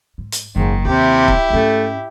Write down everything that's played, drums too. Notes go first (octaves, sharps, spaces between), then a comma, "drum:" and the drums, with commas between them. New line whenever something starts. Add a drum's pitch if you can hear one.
G#2
drum: hi-hat
F#1 G#2 D#3
D#2 C3 E4 G4
drum: kick
G#2 A3 C#4